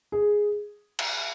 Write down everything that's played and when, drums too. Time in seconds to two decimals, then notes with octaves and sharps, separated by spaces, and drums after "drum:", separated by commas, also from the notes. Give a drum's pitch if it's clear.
0.12 G#4
0.99 drum: cymbal